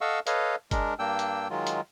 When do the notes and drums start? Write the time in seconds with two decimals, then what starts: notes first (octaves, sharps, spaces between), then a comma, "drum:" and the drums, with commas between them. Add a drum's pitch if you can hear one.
0.01 A4 D#5 F5 F#5 C#6 E6
0.27 A4 B4 C#5 D#5 F5, drum: hi-hat
0.71 G#3 D4 A#4, drum: kick G1, hi-hat
0.99 G2 A#3 D4 G5 E6
1.19 drum: hi-hat
1.50 D#3 F#3 G#3 F4
1.67 drum: hi-hat